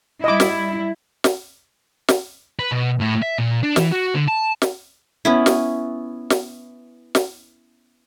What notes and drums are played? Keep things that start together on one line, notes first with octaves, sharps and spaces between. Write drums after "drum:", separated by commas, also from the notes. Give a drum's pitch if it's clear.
G3 E4 D#5 D6
drum: snare
drum: snare
drum: snare
B4
B2
A2
E5
A#2
D4
E3, drum: snare
F#4
D3
A5
drum: snare
B3 C#4 E4
drum: snare
drum: snare
drum: snare